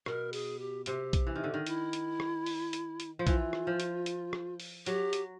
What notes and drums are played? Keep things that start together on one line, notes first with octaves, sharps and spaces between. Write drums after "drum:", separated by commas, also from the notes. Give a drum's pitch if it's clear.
B2 A#4, drum: rim click
G#4, drum: open hi-hat
G4
C3 G4, drum: hi-hat
drum: kick, hi-hat
E3
D#3
D3
D#3
E4, drum: hi-hat
drum: hi-hat
drum: rim click
drum: open hi-hat
drum: hi-hat
drum: hi-hat
F3
E3 F4, drum: kick, hi-hat
drum: rim click
F3
drum: hi-hat
drum: hi-hat
drum: rim click
drum: open hi-hat
F#3 G4, drum: hi-hat
drum: hi-hat